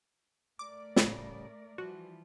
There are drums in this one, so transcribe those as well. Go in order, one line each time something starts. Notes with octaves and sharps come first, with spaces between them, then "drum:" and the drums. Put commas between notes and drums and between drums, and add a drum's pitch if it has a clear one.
A3 A#4 D5 D6
A2 C#3 G3, drum: snare
E3 F3 G3 F#4